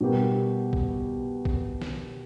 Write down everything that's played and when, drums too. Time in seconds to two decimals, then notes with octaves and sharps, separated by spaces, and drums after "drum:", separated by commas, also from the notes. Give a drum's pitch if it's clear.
0.01 B2 G3 B3 G4 A#4
0.73 drum: kick
1.45 drum: kick
1.82 drum: snare